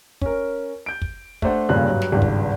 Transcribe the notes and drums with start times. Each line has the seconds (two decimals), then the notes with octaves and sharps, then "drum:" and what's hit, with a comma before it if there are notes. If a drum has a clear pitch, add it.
0.21 C#4 A#4, drum: kick
0.86 G6 D7
1.02 drum: kick
1.42 A3 D4 C5 F#5, drum: kick
1.69 F1 G2 A#2 C#3 F#6
1.89 G2 F#3
2.02 drum: snare
2.12 G#1 C#2 G2
2.22 drum: kick